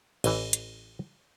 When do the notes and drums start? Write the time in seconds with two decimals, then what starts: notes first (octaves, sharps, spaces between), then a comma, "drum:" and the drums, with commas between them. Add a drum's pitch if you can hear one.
0.24 A1 E3, drum: cymbal
0.53 drum: hi-hat